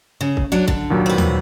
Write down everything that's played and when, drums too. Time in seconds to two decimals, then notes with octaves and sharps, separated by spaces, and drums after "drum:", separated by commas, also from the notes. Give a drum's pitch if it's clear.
0.21 C#3
0.37 drum: kick C2
0.52 F#3 D4
0.68 D3, drum: kick C2
0.90 D#2 A#2 F#3
1.06 C4 B4
1.18 drum: tom